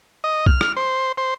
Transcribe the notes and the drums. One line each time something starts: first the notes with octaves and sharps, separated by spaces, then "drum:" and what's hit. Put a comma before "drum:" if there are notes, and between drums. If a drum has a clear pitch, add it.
D#5
F6, drum: kick B1
drum: rim click
C5
C5